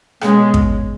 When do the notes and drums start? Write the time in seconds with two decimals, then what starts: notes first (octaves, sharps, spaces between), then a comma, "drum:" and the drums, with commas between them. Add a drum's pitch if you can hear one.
0.21 B2 G#3 C#4, drum: rim click
0.54 drum: kick